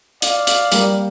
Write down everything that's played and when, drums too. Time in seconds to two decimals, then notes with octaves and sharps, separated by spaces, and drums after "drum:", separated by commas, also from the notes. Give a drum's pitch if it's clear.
0.22 D5 F5, drum: hi-hat
0.47 drum: hi-hat
0.72 G3 A#3, drum: hi-hat